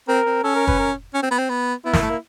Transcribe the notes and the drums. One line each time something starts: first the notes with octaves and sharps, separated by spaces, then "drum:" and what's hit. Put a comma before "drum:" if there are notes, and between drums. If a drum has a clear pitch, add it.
C4 A#4
C4
C#4 A4
A#4
B4, drum: kick
A#4
C#4
C4
B3
C4
B3
B3 E4
A#3, drum: snare
A3
A#3